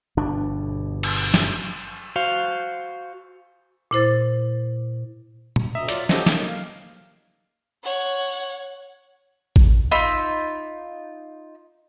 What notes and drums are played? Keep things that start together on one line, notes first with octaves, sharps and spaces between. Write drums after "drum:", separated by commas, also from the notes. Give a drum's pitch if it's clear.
G1 B2 D4
drum: cymbal
drum: snare
F#4 C5 F5
A#2 E4 C5 A6
drum: tom
D2 D#5 E5 A#5
F#3 F4 D5, drum: hi-hat
F3 F#3 C4 G4 A4 D#5, drum: snare
A#3 D#4, drum: snare
F5
C#5 F#5
drum: kick A1
D#4 F4 B5 E6